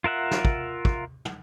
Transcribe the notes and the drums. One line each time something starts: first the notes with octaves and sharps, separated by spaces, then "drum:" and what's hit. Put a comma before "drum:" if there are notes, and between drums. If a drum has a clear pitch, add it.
F4 A#4 E5 F#5
drum: snare
drum: kick
drum: kick
drum: tom